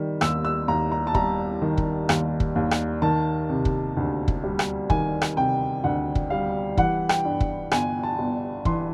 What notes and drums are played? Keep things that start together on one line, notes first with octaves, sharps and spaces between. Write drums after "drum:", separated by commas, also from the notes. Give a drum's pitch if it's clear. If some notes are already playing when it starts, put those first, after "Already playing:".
Already playing: D#3 G3
D#2 E6, drum: rim click
E6
D#2 A#5
A#5
A5
G3 A#5, drum: kick
D#3
drum: kick
D#2, drum: rim click
drum: kick
D#2
drum: rim click
D#3 A5
C3
drum: kick
D2
drum: kick
G3
drum: rim click
D#3 G#5, drum: kick
drum: rim click
C3 G5
D2 F#5
drum: kick
G3 F5
E3 F#5, drum: kick
G5, drum: rim click
G2
drum: kick
G1 G#5, drum: rim click
A5
G1
E3 C6, drum: kick